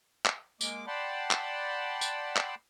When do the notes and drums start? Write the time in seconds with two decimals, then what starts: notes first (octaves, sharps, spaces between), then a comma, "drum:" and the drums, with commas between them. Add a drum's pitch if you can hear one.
0.26 drum: clap
0.61 G#3 A#3 D6, drum: tambourine
0.87 D5 F#5 G5 A5 B5 C6
1.31 drum: clap
2.01 drum: tambourine
2.36 drum: clap